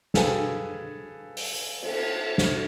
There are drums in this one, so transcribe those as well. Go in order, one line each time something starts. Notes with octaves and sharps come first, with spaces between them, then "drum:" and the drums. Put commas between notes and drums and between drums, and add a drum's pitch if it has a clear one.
G#4 A4 B4 F5 G5 G#5, drum: snare
drum: open hi-hat
drum: cymbal
drum: snare